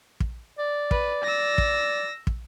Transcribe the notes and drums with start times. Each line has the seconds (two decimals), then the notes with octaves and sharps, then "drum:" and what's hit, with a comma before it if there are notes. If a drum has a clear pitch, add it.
0.20 drum: kick
0.59 D5
0.91 B4, drum: kick
1.24 E6 A#6
1.58 drum: kick
2.27 drum: kick